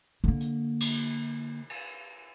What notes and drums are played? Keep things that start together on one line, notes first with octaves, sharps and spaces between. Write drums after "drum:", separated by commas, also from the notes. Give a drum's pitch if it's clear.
D3 A#3
drum: hi-hat
drum: cymbal
drum: cymbal